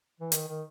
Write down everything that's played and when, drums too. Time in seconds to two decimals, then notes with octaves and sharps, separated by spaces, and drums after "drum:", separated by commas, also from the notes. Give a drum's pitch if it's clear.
0.20 E3
0.32 D#3, drum: hi-hat
0.48 D#3